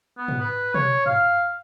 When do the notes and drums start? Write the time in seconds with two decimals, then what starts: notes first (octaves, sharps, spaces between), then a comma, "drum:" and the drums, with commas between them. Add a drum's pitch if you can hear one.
0.18 B3
0.28 drum: tom
0.40 B4
0.74 C#5, drum: tom
1.06 F5, drum: tom G2